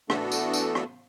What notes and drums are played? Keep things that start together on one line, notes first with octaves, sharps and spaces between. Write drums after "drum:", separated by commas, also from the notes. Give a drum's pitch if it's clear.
E3 A3 B3 D4 F#4 A4, drum: rim click
drum: tambourine
drum: tambourine
drum: rim click